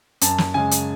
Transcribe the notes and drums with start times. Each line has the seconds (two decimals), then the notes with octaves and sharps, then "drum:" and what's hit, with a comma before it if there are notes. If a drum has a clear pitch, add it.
0.21 F#2 A5, drum: hi-hat
0.38 drum: snare
0.54 C#3 G#3 G#5
0.71 drum: hi-hat